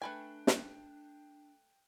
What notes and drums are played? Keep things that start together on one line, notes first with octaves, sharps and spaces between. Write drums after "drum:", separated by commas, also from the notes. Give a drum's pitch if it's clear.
A3 D4 B4 G5 G#5 F#6
drum: snare